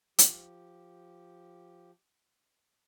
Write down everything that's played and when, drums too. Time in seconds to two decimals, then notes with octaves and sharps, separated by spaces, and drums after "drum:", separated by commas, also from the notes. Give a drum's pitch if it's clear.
0.19 F3 G4, drum: hi-hat